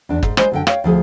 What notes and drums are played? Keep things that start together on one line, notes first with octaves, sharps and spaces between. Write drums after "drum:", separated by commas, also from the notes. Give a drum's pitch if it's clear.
E2 D4
G#2, drum: kick
G3 G#3 C5 G#5, drum: rim click
F#2 D3 G5
C#5 F5 G5, drum: rim click
D2 F3 G#4